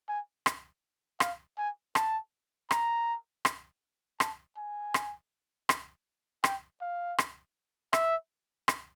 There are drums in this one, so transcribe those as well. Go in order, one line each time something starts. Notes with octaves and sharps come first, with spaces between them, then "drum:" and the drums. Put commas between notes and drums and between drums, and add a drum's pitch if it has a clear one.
G#5
drum: rim click
F5, drum: rim click
G#5
A5, drum: rim click
A#5, drum: rim click
drum: rim click
A5, drum: rim click
G#5
drum: rim click
drum: rim click
G5, drum: rim click
F5
drum: rim click
E5, drum: rim click
drum: rim click